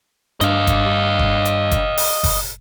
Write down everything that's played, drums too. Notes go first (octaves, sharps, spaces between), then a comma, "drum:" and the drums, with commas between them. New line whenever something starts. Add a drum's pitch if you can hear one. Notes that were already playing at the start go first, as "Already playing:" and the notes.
G2 D4 D#5 F5, drum: hi-hat
drum: kick F#1, hi-hat
drum: kick F#1
drum: hi-hat
drum: kick F#1, hi-hat
drum: open hi-hat
drum: kick F#1, open hi-hat